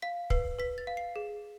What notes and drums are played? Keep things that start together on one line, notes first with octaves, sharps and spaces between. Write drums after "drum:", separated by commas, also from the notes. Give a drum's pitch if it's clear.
F5 B6
B4 C7, drum: kick
B4 B6
A6
F5
C7
G#4